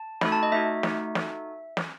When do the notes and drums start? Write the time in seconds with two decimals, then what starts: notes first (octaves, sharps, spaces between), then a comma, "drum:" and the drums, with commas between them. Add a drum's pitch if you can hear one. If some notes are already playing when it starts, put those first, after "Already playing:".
Already playing: A5
0.21 A3 D#4 F#4 A4 B5, drum: snare
0.32 A5
0.43 D#5
0.52 A3 D#4 F#4 E5
0.83 A3 D#4 F#4, drum: snare
1.15 D#4 F#4 A4, drum: snare
1.77 drum: snare